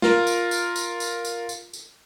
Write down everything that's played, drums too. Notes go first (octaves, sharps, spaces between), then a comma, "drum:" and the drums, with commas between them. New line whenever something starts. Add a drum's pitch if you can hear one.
F4 A#4, drum: snare
drum: tambourine
drum: tambourine
drum: tambourine
drum: tambourine
drum: tambourine
drum: tambourine
drum: tambourine